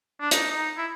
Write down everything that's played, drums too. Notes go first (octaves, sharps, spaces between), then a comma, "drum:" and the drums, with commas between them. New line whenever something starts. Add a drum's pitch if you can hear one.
D4
D#4, drum: hi-hat
D#4
E4